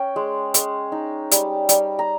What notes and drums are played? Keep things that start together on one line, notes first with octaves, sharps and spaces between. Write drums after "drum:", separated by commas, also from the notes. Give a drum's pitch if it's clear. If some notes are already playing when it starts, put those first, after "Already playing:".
Already playing: C#4 G5
G#3
G#3, drum: hi-hat
D#4
G3, drum: hi-hat
G3, drum: hi-hat
A#5